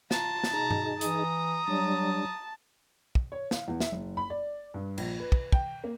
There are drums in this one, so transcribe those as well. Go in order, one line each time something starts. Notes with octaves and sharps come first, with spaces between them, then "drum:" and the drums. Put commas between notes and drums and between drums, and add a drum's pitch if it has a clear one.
F4 A5 A#5, drum: snare
drum: snare
B2 D#4 G#4 A#5
drum: tom G2
E3 A#5 D#6, drum: hi-hat
F#3 G3 D4 A5
drum: kick
C#5
F5, drum: snare
E2
E5, drum: snare
F#1
B5
D5
G2
A#1, drum: cymbal
B4
drum: kick
G5, drum: kick
A#3